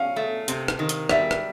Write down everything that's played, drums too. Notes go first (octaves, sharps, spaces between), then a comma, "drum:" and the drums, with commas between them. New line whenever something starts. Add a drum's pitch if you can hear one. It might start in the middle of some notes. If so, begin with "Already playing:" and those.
Already playing: C#4 F5
A3
C3, drum: hi-hat
drum: rim click
D#3
drum: hi-hat
G3 E5, drum: rim click
drum: rim click